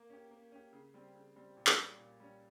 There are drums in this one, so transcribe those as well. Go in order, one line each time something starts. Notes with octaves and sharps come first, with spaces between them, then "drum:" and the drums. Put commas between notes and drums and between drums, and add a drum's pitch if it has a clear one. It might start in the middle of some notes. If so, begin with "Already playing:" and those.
Already playing: A#3
C#4 G4
A#3
C#4 G4
C#3
G3 C4
C#3
G3 C4
A#2
drum: clap
G3 C#4
A#2
G3 C#4